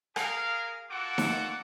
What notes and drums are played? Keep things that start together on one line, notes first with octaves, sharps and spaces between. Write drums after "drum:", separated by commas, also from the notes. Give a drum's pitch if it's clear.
G#4 A#4 F5, drum: rim click
A#3 F4 F#4 A4 F#5 D6
drum: snare D#4